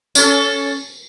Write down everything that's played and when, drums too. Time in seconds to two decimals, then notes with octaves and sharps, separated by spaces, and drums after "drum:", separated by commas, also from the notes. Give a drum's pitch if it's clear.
0.15 C#4 A4, drum: tambourine